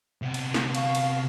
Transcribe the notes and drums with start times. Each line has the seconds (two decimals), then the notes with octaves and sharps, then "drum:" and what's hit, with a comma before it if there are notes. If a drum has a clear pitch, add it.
0.22 C3 B3
0.34 drum: cymbal
0.54 drum: snare
0.75 F5 C#6, drum: cymbal
0.95 drum: cymbal